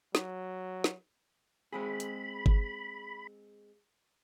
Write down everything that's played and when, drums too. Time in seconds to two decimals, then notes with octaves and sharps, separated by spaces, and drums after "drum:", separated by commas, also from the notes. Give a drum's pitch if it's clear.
0.15 F#3, drum: snare
0.84 drum: snare
1.73 G#3 C4 G#4 B5
2.00 drum: hi-hat
2.46 drum: kick G1